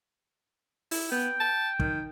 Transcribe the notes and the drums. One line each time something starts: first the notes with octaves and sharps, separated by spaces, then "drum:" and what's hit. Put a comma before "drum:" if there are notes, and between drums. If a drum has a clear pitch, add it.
E4, drum: open hi-hat
B3 G5
A5
D#3, drum: kick